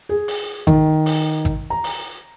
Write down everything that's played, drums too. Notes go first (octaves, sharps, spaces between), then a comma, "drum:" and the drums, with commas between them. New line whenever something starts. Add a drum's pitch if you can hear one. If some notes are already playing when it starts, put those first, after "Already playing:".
G#4
drum: open hi-hat
D#3, drum: kick G#1, hi-hat
drum: open hi-hat
drum: kick G#1, hi-hat
A#5
drum: open hi-hat